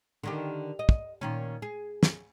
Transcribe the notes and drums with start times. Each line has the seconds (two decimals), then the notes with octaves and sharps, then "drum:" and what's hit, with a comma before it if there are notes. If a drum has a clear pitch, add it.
0.23 D3 D#3 G4
0.79 D#5
0.89 drum: kick
1.21 A#2 D#3 C#4
1.62 G#4
2.03 drum: snare